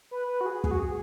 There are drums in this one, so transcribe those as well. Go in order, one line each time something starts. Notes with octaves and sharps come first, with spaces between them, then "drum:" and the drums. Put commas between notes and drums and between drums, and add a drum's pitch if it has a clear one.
B4
B4
F#4
G#4
G#4, drum: kick
F#4
G#4